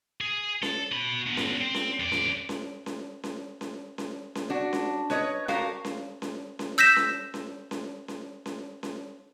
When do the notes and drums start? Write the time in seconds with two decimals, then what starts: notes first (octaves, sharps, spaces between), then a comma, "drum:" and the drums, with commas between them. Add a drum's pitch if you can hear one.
0.21 G#4
0.62 A4, drum: snare C#4
0.92 F#4 B5
1.27 B3 D4
1.37 drum: snare C#4
1.61 C4
1.74 drum: snare C#4
2.00 F2 D5
2.12 drum: snare C#4
2.49 drum: snare C#4
2.86 drum: snare C#4
3.24 drum: snare C#4
3.61 drum: snare C#4
3.98 drum: snare C#4
4.35 drum: snare C#4
4.50 D4 F#4
4.73 drum: snare C#4
5.10 B4 C#5 D#5, drum: snare C#4
5.48 F#4 G4 A4 A#4 F5, drum: snare C#4
5.85 drum: snare C#4
6.22 drum: snare C#4
6.59 drum: snare C#4
6.78 E6 G6 A#6 B6 E7
6.96 drum: snare C#4
7.34 drum: snare C#4
7.71 drum: snare C#4
8.08 drum: snare C#4
8.46 drum: snare C#4
8.83 drum: snare C#4